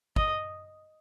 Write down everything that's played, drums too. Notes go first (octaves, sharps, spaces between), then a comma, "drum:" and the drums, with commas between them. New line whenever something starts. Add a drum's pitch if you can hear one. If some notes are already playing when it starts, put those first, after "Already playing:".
D#5, drum: kick